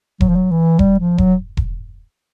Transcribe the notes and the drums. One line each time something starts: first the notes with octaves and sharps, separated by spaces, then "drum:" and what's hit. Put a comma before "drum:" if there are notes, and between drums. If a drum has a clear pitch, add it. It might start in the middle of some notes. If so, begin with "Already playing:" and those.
F#3, drum: kick E1
F3
F#3
E3
G3, drum: kick E1
F3
F#3, drum: kick E1
drum: kick E1